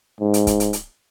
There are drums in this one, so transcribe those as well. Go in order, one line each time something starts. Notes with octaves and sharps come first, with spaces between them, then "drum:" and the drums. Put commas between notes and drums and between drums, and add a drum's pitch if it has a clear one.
G#2
drum: hi-hat
drum: kick, hi-hat
drum: hi-hat
drum: hi-hat